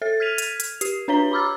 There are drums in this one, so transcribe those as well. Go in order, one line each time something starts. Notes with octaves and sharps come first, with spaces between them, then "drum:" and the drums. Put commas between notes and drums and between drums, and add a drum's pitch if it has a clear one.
A4 E5 A6
F6 G#6 B6 D#7 F7
drum: hi-hat
drum: hi-hat
G4 C7, drum: hi-hat
D4 B4 C#5 A#5 B6 G7
A#5 B5 D6 E6 F6 A6